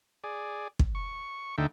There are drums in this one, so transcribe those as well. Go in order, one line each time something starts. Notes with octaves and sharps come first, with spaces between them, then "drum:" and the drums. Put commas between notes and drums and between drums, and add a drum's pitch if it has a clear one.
G#4 D5
drum: kick
C#6
D2 D3 D#4 A4 E5 G5